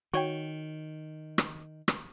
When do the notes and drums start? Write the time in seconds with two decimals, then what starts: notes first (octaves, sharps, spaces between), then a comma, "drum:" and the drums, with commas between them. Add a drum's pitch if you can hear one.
0.13 D#3 F#4 C#5 G5
1.38 drum: rim click
1.88 drum: rim click